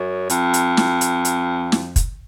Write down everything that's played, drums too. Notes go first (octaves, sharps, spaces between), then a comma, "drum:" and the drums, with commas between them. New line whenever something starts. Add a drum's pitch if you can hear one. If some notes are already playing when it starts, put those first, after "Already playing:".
Already playing: F#2
F2, drum: hi-hat
drum: hi-hat
drum: snare
drum: hi-hat
drum: hi-hat
drum: snare
drum: kick, hi-hat